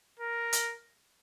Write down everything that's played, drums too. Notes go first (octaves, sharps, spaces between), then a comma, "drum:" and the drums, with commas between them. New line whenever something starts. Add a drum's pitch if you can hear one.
A#4
drum: hi-hat